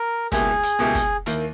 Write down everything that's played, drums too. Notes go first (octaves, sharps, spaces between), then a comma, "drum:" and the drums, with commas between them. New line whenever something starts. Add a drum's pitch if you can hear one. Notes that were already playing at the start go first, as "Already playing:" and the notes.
Already playing: A#4
C#2 B2 A#3 E4 G4 G#4, drum: kick, hi-hat
drum: hi-hat
C#2 B2 A#3 E4 G4
drum: kick, hi-hat
D#2 D#3 A#3 E4, drum: hi-hat